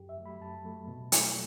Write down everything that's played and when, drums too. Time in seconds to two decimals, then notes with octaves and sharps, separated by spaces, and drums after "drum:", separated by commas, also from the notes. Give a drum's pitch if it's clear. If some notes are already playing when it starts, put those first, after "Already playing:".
Already playing: F#2 G4
0.09 E5
0.18 F#3 A3
0.26 B5
0.41 F#2 A5
0.64 F#3 A3
0.88 B2
1.12 F#3 A3, drum: hi-hat